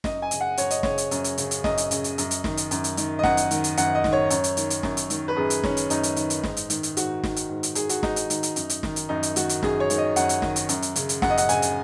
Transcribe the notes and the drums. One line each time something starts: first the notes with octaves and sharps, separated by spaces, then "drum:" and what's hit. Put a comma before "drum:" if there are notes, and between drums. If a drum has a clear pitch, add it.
F#2 D#5, drum: snare
G#5
C#3, drum: hi-hat
F#5
F#2 C#5, drum: hi-hat
D#5, drum: hi-hat
C#3 C#5, drum: snare
drum: hi-hat
F#2, drum: hi-hat
drum: hi-hat
C#3, drum: hi-hat
drum: hi-hat
F#2 D#5, drum: snare
drum: hi-hat
C#3, drum: hi-hat
drum: hi-hat
F#2, drum: hi-hat
drum: hi-hat
D#3, drum: snare
drum: hi-hat
F#2, drum: hi-hat
drum: hi-hat
D#3, drum: hi-hat
D#5
F#2 F#5, drum: snare
drum: hi-hat
D#3, drum: hi-hat
drum: hi-hat
F#2 F#5, drum: hi-hat
D#5
D#3, drum: snare
C#5
F#2, drum: hi-hat
drum: hi-hat
D#3, drum: hi-hat
drum: hi-hat
F#2, drum: snare
drum: hi-hat
D#3, drum: hi-hat
B4
F#2 G#4
drum: hi-hat
D#3 C#4, drum: snare
drum: hi-hat
F#2 D#4, drum: hi-hat
drum: hi-hat
D#3, drum: hi-hat
drum: hi-hat
G#2, drum: snare
drum: hi-hat
D#3, drum: hi-hat
drum: hi-hat
G#2 F#4, drum: hi-hat
D#3, drum: snare
drum: hi-hat
G#2
drum: hi-hat
D#3 G#4, drum: hi-hat
F#4, drum: hi-hat
G#2 D#4, drum: snare
drum: hi-hat
D#3, drum: hi-hat
drum: hi-hat
F#2, drum: hi-hat
drum: hi-hat
D#3, drum: snare
drum: hi-hat
F#2 D#4
drum: hi-hat
D#3 F#4, drum: hi-hat
drum: hi-hat
F#2 G#4, drum: snare
C#5
D#3, drum: hi-hat
D#5
F#2 F#5, drum: hi-hat
drum: hi-hat
D#3, drum: snare
drum: hi-hat
F#2, drum: hi-hat
drum: hi-hat
C#3, drum: hi-hat
drum: hi-hat
F#2 F#5, drum: snare
D#5
F#5, drum: hi-hat
C#3 G#5, drum: hi-hat
drum: hi-hat